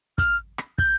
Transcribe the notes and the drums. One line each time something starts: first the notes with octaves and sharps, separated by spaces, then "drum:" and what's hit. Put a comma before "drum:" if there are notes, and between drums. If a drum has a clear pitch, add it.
F6, drum: kick, hi-hat
drum: rim click
G6, drum: kick